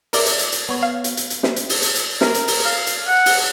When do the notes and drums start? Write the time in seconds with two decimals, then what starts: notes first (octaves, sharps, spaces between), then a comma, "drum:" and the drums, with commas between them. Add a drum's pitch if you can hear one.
0.13 A#4 D5 E5, drum: open hi-hat
0.26 drum: hi-hat
0.39 drum: hi-hat
0.52 drum: hi-hat
0.69 B3 C#5
0.83 F5
1.04 drum: hi-hat
1.17 drum: hi-hat
1.30 drum: hi-hat
1.43 drum: snare
1.56 drum: hi-hat
1.69 drum: open hi-hat
1.82 drum: hi-hat
1.95 drum: hi-hat
2.21 A#4, drum: snare
2.34 drum: hi-hat
2.48 drum: open hi-hat
2.65 F5
2.87 drum: hi-hat
3.08 F#5
3.26 drum: open hi-hat